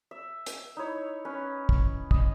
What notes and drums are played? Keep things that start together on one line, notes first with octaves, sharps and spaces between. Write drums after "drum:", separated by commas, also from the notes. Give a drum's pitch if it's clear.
E5
drum: hi-hat
D#4 E4 C#5 E6
C#4 B4
drum: kick
D#5, drum: kick